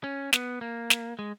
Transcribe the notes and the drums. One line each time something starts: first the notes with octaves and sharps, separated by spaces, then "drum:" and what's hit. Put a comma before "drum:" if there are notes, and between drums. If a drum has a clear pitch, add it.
C#4
B3, drum: snare
A#3
drum: snare
G#3